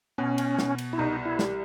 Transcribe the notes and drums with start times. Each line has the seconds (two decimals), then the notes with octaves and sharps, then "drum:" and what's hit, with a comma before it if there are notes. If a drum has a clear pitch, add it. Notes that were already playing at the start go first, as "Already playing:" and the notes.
0.18 B2 C#4
0.38 drum: cymbal
0.59 B2, drum: snare
0.78 drum: cymbal
0.93 E4
0.98 C2 D#4
1.26 E4
1.39 G3, drum: snare